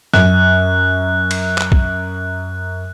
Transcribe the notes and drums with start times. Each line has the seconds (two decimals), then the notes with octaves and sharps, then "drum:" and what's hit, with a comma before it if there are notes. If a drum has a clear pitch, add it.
0.14 F#2 F#6, drum: snare
1.31 drum: cymbal
1.58 drum: clap
1.72 drum: kick